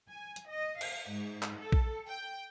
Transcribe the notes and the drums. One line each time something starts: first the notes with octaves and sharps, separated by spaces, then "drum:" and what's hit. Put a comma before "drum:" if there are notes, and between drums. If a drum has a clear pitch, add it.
G#5
drum: hi-hat
D#5
F5, drum: cymbal
G#2
drum: clap
A4
drum: kick A#1
G5